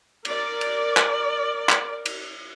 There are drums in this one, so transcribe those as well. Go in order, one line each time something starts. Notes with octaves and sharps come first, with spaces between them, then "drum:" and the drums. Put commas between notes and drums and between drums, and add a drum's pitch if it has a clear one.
A#4 D5, drum: cymbal
drum: cymbal
drum: clap
drum: clap
drum: cymbal